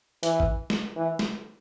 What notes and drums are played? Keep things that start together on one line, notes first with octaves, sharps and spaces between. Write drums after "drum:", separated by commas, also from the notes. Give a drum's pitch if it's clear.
E3, drum: hi-hat
drum: kick A1
drum: snare
E3
drum: snare